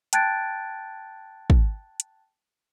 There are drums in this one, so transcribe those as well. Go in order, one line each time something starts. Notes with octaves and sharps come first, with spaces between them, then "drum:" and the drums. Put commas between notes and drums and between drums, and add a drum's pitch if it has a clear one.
G5 A5 F#6 G#6 A6 D7, drum: hi-hat
drum: kick
drum: hi-hat